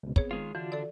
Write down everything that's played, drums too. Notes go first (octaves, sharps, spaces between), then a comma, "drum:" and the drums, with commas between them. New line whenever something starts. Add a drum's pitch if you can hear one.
C#2 B2
B3 C4 G#4 C#5, drum: kick
D#3 G#3 F4
D3 E3 D4 F4 F#4
A4 D5